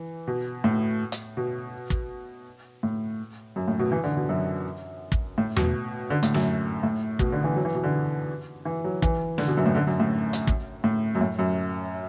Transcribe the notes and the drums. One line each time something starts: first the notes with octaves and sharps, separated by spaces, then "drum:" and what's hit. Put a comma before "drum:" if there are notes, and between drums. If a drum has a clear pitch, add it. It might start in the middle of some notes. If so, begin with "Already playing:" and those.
Already playing: E3
B2
A2
drum: hi-hat
B2
drum: kick
A2
F#2
A2
B2
E3
D3
B2
F#2
drum: kick
A2
B2, drum: tom E2
D3
A2, drum: hi-hat
F#2, drum: snare
A2
B2, drum: kick
D3
E3
F#3
E3
B2
D3
E3
F#3
E3, drum: kick
D3, drum: snare
B2
F#2
A2
D3
F#2
A2
drum: hi-hat
drum: kick
A2
F#2
A2
F#2